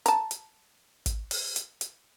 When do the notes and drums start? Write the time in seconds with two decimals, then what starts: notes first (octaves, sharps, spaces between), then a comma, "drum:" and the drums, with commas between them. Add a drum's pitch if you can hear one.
0.06 A5 A#5, drum: hi-hat
0.31 drum: hi-hat
1.06 drum: kick, hi-hat
1.31 drum: open hi-hat
1.56 drum: hi-hat
1.81 drum: hi-hat